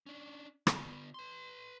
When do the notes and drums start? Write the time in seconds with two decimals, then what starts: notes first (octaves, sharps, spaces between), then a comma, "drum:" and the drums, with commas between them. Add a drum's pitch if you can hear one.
0.06 C#4 D4
0.67 D3 B3, drum: rim click
1.14 B4 C6